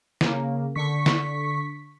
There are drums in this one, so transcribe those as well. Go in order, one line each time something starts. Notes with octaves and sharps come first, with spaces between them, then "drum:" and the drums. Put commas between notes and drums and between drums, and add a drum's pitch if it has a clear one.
C#3 A#3, drum: snare
D3 C#6 B6
drum: snare